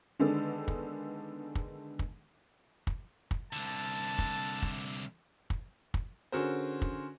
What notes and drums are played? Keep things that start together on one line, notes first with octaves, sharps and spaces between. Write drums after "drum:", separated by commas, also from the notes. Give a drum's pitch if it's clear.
D3 D#3 G#3 B3 D4 A4
drum: kick
drum: kick
drum: kick
drum: kick
drum: kick
C2 D3 A5
drum: kick
drum: kick
drum: kick
drum: kick
D3 C#4 F#4 G#4 A#4 C5
drum: kick